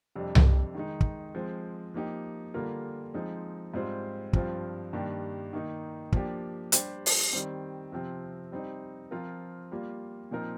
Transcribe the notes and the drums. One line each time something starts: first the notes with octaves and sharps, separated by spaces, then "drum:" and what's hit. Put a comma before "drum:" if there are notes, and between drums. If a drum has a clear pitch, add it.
F2 C3 G3 D4
drum: tom C2
D#3 G#3 D#4
drum: kick
F3 G#3 C4
F3 A#3 D#4 G4
D3 G3 A#3 F4 A#4
F3 G#3 C4 D#4
G#2 G3 C4 F4 C5
G2 F3 C4 F4, drum: kick
G2 D#3 A#3 D4 G4
D#3 A#3 D#4
F3 A#3 D4 G4, drum: kick
G3 D4 G4 C5, drum: hi-hat
drum: open hi-hat
D#3 G3 C4
C3 F3 C4
G3 C4 D#4
F3 C4 F4 A#4
G3 A#3 F4
A#2 F3 C4 D#4 A#4